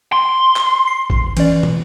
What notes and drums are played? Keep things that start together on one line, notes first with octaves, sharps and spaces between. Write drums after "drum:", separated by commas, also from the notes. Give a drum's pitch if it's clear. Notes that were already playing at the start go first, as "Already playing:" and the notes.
C6
drum: clap
C7
drum: kick G#1
E3 C#4 D5, drum: cymbal
drum: tom